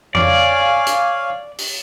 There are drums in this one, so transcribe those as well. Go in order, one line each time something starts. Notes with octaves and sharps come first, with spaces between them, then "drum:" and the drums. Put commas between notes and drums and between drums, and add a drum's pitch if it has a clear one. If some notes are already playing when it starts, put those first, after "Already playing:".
C#5 D5 F5 G#5, drum: tom F2
drum: hi-hat
drum: open hi-hat